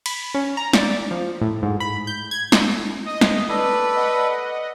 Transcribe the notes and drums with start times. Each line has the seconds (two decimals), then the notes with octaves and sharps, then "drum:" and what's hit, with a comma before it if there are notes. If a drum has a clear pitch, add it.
0.06 B5, drum: cymbal
0.34 C#4
0.57 A#5
0.73 D5, drum: snare
1.11 F3
1.41 A2
1.63 G#2
1.80 B5
2.07 G6
2.31 G#6
2.52 drum: snare
3.05 D#5
3.21 drum: snare
3.49 A4 B4 D5 B5
3.95 D#5 F#5